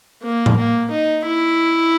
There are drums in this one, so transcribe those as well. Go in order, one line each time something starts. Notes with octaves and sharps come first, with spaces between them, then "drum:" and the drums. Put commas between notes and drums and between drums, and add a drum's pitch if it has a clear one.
A#3
drum: tom A2
A#3
D#4
E4